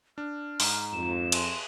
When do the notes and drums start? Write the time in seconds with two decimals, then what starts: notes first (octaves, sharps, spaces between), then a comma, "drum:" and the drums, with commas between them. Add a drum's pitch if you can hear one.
0.18 D4 F6
0.60 G#2 A#5, drum: open hi-hat
0.93 F2 E7
1.32 C6, drum: cymbal